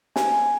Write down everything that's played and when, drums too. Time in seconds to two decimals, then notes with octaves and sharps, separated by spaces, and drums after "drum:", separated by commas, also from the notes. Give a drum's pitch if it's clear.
0.16 G#5, drum: snare